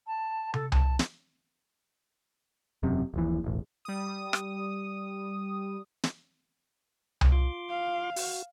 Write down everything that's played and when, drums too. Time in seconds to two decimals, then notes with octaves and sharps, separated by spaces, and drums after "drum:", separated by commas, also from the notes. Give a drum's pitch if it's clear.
0.06 A5
0.54 A4, drum: tom
0.72 A5, drum: tom C2
0.99 drum: snare
2.83 E1 F#2 C3
3.14 D#1 A#1 E3
3.44 E1 A1
3.85 G3 D#6
4.33 drum: rim click
6.03 drum: snare
7.21 drum: tom C2
7.32 F4 C6 D6
7.70 F5
8.16 F#4, drum: open hi-hat